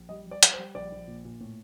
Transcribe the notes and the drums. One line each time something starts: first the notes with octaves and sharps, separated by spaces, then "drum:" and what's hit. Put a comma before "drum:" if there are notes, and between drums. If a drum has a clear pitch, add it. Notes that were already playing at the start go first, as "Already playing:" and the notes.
Already playing: A#1
G3 D#5
G3 D5
G3, drum: hi-hat
C5
G3
A#1 D5
A#1
A#2
A#2
A2